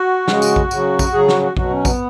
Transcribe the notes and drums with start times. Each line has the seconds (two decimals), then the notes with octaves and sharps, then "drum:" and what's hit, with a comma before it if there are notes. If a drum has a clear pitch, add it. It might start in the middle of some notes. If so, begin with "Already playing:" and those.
Already playing: F#4
0.28 C#3 G#3, drum: snare
0.42 drum: tambourine
0.56 drum: kick A#1
0.71 C#3 F#3, drum: tambourine
0.99 drum: kick A#1, tambourine
1.13 C#3 F#3 G#4
1.28 F#4, drum: snare
1.42 F#4
1.57 B2 F#3 F#4, drum: kick A#1
1.71 C#4
1.85 B3, drum: kick A#1, tambourine